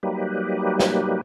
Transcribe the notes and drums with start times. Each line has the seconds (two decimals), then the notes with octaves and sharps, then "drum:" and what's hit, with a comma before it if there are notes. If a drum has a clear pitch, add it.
0.03 F#3 G3 A#3 D#4 G4 B4
0.80 drum: snare